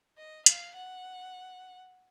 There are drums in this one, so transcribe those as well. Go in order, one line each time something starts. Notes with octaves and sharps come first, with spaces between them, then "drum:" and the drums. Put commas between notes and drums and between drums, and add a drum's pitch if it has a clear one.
D#5
F5, drum: hi-hat
F#5